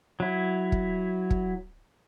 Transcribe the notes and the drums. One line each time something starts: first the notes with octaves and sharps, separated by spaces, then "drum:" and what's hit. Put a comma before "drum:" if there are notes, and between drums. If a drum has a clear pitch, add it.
F#3 E4
drum: kick
drum: kick